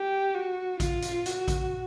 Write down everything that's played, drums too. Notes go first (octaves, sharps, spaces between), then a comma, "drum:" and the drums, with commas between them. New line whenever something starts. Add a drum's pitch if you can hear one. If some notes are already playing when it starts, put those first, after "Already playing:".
Already playing: G4
F#4
F4, drum: kick A1, hi-hat
drum: hi-hat
F#4, drum: hi-hat
drum: kick A1, hi-hat